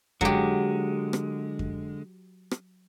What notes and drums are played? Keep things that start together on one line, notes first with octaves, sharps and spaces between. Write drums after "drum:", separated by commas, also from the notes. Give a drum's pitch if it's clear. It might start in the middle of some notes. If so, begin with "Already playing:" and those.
D3 F#3 G#3 G4, drum: kick F2
drum: rim click
drum: kick F2
drum: rim click